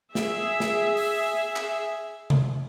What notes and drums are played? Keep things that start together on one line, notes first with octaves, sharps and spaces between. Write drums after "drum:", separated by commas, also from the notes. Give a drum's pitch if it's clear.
G#4 E5, drum: snare
drum: snare
drum: open hi-hat
drum: clap
drum: tom C3